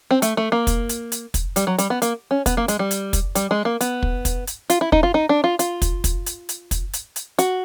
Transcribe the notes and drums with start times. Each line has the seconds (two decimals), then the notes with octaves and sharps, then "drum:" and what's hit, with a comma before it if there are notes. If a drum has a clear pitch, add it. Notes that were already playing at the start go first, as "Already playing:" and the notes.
0.11 C4
0.22 A3, drum: hi-hat
0.37 A3
0.52 A#3
0.67 drum: kick, hi-hat
0.89 drum: hi-hat
1.12 drum: hi-hat
1.34 drum: kick, hi-hat
1.56 G3, drum: hi-hat
1.67 F#3
1.78 G3, drum: hi-hat
1.90 B3
2.02 A#3, drum: hi-hat
2.31 C#4
2.46 B3, drum: kick, hi-hat
2.57 A#3
2.68 G#3, drum: hi-hat
2.79 G3
2.91 drum: hi-hat
3.13 drum: kick, hi-hat
3.35 G3, drum: hi-hat
3.51 G#3
3.65 A#3
3.81 B3, drum: hi-hat
4.03 drum: kick
4.25 drum: kick, hi-hat
4.47 drum: hi-hat
4.70 F4, drum: hi-hat
4.81 E4
4.92 D#4, drum: kick
5.03 F4
5.14 D#4
5.29 D4
5.44 F4
5.59 F4, drum: hi-hat
5.82 drum: kick, hi-hat
6.04 drum: kick, hi-hat
6.26 drum: hi-hat
6.49 drum: hi-hat
6.71 drum: kick, hi-hat
6.93 drum: hi-hat
7.16 drum: hi-hat
7.39 F#4, drum: hi-hat